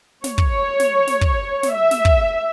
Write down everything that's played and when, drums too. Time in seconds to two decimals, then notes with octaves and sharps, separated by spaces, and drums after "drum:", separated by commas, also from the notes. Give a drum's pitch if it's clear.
0.24 C#5, drum: snare
0.38 drum: kick
0.80 drum: snare
1.07 drum: snare
1.21 drum: kick
1.63 drum: snare
1.73 E5
1.91 drum: snare
2.05 drum: kick